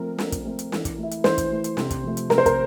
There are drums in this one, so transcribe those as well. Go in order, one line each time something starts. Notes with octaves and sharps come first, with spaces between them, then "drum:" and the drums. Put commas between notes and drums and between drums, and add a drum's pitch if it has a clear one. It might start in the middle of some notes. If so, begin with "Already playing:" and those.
Already playing: F3 A3 C4 A#4
F3, drum: snare
drum: kick, hi-hat
A3 C4
drum: hi-hat
E3, drum: snare
drum: kick, hi-hat
A3 E4
drum: hi-hat
E3 C5, drum: snare
drum: kick, hi-hat
A3 E4
drum: hi-hat
C3, drum: snare
drum: kick, hi-hat
F3 A3
drum: hi-hat
C3 A#4, drum: snare
C5
A#4, drum: kick, hi-hat